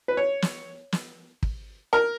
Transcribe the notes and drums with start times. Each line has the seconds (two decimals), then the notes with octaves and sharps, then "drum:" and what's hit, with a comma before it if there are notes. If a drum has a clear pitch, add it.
0.08 B4
0.17 C#5
0.42 drum: snare
0.92 drum: snare
1.43 drum: kick
1.93 A#4